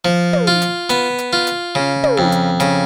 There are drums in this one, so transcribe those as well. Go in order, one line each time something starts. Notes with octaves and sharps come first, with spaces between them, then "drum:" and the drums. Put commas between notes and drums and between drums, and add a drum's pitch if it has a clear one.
F3
drum: tom
F4
drum: hi-hat
B3, drum: hi-hat
drum: hi-hat
F4
drum: hi-hat
C#3
drum: tom
F2
drum: hi-hat
C#3, drum: hi-hat